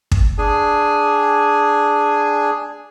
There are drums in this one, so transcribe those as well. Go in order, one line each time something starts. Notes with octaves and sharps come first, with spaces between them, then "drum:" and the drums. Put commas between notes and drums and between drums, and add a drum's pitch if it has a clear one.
drum: kick
D4 G#4 G#5